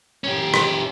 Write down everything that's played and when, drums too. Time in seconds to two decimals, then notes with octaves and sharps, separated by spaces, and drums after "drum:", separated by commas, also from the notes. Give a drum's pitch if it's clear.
0.24 C#4 G4
0.54 drum: rim click